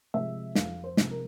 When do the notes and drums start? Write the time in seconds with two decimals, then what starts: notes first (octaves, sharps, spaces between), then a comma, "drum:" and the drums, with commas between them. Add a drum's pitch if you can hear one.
0.14 C3 F3 G#3 E5
0.55 F2 F5, drum: snare
0.84 C5
0.97 C3 F3 G#3, drum: snare
1.11 A#4